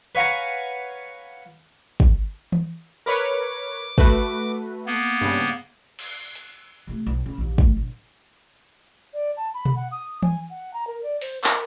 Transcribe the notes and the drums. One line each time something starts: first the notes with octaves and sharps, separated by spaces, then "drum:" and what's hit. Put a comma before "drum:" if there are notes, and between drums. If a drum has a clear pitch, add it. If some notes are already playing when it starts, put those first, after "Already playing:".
B4 C#5 F5 F#5 G#5 A#5
drum: kick
drum: tom E3
A#4 B4 C#5 D6
A3 F#4 B4, drum: kick
A#3 B3
G2 C#3
drum: cymbal
drum: hi-hat
C3 A3
B1
C#3
A#1 D#2
A3, drum: kick
A#1
D5
A5
B5
drum: tom B2
F#5
D#6
G#5, drum: tom E3
F#5
A#5
A#4
D5
C5, drum: open hi-hat
A#4, drum: clap